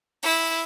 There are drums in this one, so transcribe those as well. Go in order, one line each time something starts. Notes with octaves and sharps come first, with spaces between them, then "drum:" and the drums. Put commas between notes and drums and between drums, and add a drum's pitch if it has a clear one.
E4, drum: open hi-hat